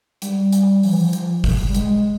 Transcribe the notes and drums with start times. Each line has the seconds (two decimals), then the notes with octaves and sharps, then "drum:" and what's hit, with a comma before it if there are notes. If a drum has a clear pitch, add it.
0.22 G3, drum: hi-hat
0.52 drum: hi-hat
0.83 F3, drum: open hi-hat
0.91 E3
0.99 F3
1.13 F3, drum: hi-hat
1.44 drum: kick, open hi-hat
1.69 G3
1.75 G#3, drum: hi-hat